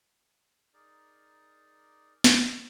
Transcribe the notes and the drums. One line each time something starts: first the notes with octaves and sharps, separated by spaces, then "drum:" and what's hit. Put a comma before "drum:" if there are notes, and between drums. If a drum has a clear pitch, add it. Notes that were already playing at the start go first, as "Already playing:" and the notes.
D#4 G#4 A#4 D5
drum: snare